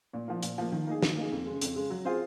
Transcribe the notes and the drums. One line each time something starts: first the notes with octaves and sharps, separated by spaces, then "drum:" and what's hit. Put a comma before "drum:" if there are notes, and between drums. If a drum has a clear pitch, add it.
A#2
F3 A#3
A#2, drum: hi-hat
F3 A#3
D#3
A#3 D#4 G#4
D#3, drum: snare
A#3 D#4 G#4
F2
C#3 G#3
F2, drum: hi-hat
C#3 G#3
F#3
C4 F4 G#4 C5